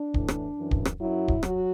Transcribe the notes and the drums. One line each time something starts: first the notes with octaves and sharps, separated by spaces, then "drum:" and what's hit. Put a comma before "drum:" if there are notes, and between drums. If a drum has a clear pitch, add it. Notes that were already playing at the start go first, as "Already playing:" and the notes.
Already playing: D4
A2 E3, drum: kick
drum: rim click
F#2 E3
drum: kick
drum: rim click
F#2 F#3 E4
drum: kick
F#3 F#4, drum: rim click